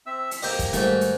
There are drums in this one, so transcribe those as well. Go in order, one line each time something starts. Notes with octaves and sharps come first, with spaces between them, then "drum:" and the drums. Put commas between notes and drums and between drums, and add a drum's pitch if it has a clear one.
C4 E5 E6
drum: hi-hat
A#3 G4 C5 D#5, drum: open hi-hat
drum: kick, hi-hat
G#2 D#3 G3 A3 A#4, drum: hi-hat
drum: hi-hat